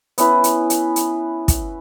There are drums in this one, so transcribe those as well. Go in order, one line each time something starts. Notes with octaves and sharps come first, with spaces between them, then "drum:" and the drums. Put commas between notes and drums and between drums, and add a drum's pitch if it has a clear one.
B3 C#4 E4 B4, drum: hi-hat
drum: hi-hat
drum: hi-hat
drum: hi-hat
drum: kick, hi-hat